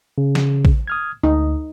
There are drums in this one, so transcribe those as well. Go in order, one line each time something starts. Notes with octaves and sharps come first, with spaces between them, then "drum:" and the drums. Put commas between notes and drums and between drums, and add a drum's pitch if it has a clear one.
C#3
drum: snare
drum: kick
D#6 F6 G#6
D2 D#4